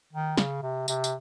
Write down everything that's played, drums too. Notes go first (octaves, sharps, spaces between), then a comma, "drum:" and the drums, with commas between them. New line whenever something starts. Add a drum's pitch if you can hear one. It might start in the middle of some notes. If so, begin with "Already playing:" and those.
D#3
C#3, drum: snare
C3
C3, drum: tambourine
drum: tambourine